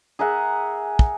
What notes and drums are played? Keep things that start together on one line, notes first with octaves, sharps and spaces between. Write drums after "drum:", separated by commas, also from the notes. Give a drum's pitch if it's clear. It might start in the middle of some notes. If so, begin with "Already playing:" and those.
G#4 A#4 E5 F#5
drum: kick